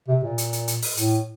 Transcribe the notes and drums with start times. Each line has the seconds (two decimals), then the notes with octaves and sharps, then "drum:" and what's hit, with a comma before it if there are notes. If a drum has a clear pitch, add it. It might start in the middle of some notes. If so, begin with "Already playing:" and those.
0.08 C3
0.23 A#2
0.38 drum: hi-hat
0.53 drum: hi-hat
0.68 drum: hi-hat
0.82 drum: open hi-hat
0.97 A2, drum: hi-hat